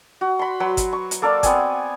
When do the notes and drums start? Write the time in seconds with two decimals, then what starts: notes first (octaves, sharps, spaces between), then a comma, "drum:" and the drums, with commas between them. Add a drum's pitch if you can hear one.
0.21 F#4
0.39 B5 C6
0.60 F#3 B4 C6
0.77 drum: kick G1, hi-hat
0.93 C#6
1.11 drum: hi-hat
1.22 A#3 A4 A#4 D5
1.43 B3 C4 G#5, drum: kick G1, hi-hat